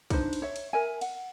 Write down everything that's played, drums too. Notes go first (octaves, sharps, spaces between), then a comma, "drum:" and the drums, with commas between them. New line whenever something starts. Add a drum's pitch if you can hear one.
D4 D#4 B4 C5, drum: kick, cymbal
drum: cymbal
C#5 E5
drum: cymbal
A#4 E5 G#5
F#5, drum: cymbal